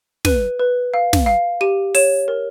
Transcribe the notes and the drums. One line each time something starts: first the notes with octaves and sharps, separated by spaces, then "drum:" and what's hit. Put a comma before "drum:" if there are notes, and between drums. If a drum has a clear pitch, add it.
B4 D#7, drum: snare
B4
F5
drum: snare
F5
G4 D#7
C#5 E7, drum: open hi-hat
A#4